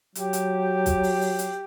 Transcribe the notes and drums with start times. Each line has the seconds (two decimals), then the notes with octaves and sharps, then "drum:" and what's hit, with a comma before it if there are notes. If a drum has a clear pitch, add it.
0.15 F#3 G4, drum: hi-hat
0.33 drum: hi-hat
0.86 drum: kick, hi-hat
1.03 drum: open hi-hat
1.21 drum: open hi-hat
1.39 drum: hi-hat